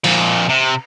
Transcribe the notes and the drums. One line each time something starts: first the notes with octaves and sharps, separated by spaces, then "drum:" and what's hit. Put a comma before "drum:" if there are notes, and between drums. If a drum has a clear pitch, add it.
F2 A#2, drum: cymbal
C3